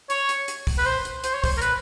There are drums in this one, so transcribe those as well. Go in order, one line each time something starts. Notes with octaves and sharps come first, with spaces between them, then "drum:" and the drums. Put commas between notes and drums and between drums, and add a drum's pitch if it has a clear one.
C#5, drum: hi-hat
drum: hi-hat
drum: hi-hat
drum: kick, open hi-hat
B4
C5
drum: hi-hat
C5, drum: hi-hat
C#5
C5, drum: kick, open hi-hat
A#4
B4, drum: hi-hat